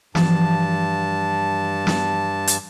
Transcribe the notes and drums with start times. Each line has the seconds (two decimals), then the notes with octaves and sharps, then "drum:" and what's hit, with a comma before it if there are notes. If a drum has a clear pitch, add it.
0.15 G2 E3 F3 A5, drum: snare
1.87 drum: snare
2.47 drum: hi-hat